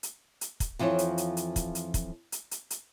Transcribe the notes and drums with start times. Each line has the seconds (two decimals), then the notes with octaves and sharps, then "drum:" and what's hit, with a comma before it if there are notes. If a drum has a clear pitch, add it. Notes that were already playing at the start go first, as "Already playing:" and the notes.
0.03 drum: hi-hat
0.41 drum: hi-hat
0.60 drum: kick, hi-hat
0.79 F2 E3 F3 C5 C#5
0.98 drum: hi-hat
1.18 drum: hi-hat
1.37 drum: hi-hat
1.56 drum: kick, hi-hat
1.75 drum: hi-hat
1.94 drum: kick, hi-hat
2.32 drum: hi-hat
2.51 drum: hi-hat
2.70 drum: hi-hat